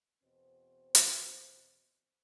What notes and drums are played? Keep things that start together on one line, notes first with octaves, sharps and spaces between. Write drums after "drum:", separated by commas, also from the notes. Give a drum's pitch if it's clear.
E2 B2 C4 C5
drum: hi-hat